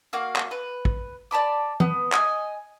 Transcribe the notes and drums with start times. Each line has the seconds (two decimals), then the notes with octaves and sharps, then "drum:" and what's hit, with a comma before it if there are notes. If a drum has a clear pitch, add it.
0.13 A#3 F#4 F5
0.36 drum: clap
0.51 B4
0.85 drum: kick
1.31 D5 A5 B5 D6
1.80 B3, drum: tom E3
2.12 D#5 G#5, drum: clap